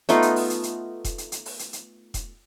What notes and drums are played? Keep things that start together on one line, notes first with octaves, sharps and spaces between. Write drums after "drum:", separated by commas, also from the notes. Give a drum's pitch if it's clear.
A3 B3 D#4 F4, drum: hi-hat
drum: hi-hat
drum: open hi-hat
drum: hi-hat
drum: hi-hat
drum: kick E1, hi-hat
drum: hi-hat
drum: hi-hat
drum: open hi-hat
drum: hi-hat
drum: hi-hat
drum: kick E1, hi-hat